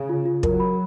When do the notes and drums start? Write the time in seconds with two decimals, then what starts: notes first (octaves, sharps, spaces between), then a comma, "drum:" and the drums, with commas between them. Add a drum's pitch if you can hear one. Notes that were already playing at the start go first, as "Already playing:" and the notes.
Already playing: C#3
0.09 F4
0.25 F4
0.43 F#3 A#4, drum: kick
0.60 B5